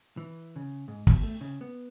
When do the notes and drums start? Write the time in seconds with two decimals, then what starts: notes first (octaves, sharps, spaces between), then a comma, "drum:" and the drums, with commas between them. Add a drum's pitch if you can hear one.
0.17 E3
0.56 C#3
0.88 G#2
1.07 B2, drum: kick
1.23 A3
1.41 C#3
1.61 B3